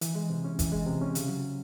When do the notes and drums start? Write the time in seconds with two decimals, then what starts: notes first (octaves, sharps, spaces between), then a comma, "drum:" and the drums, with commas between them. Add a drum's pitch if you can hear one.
0.01 E3, drum: hi-hat
0.15 G#3
0.30 C3
0.44 C#4
0.59 E3, drum: kick, hi-hat
0.72 G#3
0.87 C3
1.01 C#4
1.15 C#3, drum: hi-hat
1.29 F#3